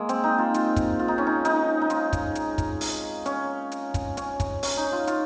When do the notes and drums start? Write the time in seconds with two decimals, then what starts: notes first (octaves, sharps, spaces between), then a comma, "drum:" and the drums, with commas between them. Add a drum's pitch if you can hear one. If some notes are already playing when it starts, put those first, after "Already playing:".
Already playing: G#3 A#3
0.09 C4, drum: hi-hat
0.24 D#4
0.39 F4
0.54 F4, drum: hi-hat
0.76 drum: kick, hi-hat
0.99 F4
1.08 D#4
1.18 C#4
1.27 D#4
1.45 D#4, drum: hi-hat
1.81 D#4
1.90 F4, drum: hi-hat
2.13 drum: kick, hi-hat
2.35 drum: hi-hat
2.58 drum: kick, hi-hat
2.81 drum: open hi-hat
3.26 C#4, drum: hi-hat
3.72 drum: hi-hat
3.94 drum: kick, hi-hat
4.17 C#4, drum: hi-hat
4.40 drum: kick, hi-hat
4.63 C#4, drum: open hi-hat
4.77 D#4
4.92 F4
5.07 F4, drum: hi-hat